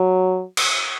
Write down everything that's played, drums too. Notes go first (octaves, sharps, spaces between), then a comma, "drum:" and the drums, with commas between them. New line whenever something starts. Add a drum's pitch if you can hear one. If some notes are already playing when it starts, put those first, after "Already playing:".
Already playing: F#3
drum: cymbal